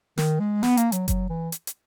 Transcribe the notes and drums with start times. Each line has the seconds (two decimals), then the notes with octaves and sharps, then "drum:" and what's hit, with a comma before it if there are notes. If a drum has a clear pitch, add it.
0.18 D#3, drum: snare
0.40 G#3
0.63 B3, drum: snare
0.77 A#3, drum: hi-hat
0.92 F#3, drum: hi-hat
1.08 F#3, drum: kick F#1, hi-hat
1.29 E3
1.52 drum: hi-hat
1.67 drum: hi-hat